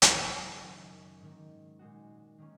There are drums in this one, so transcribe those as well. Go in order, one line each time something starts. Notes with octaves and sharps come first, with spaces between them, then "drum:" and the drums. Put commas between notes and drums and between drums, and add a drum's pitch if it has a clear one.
F#2 C#3 F#3, drum: hi-hat
F#2 D#3 F#3 C#4
G#2 D#3 A#3
A#2 G#3 D#4 F#4
D#3 A#3 C#4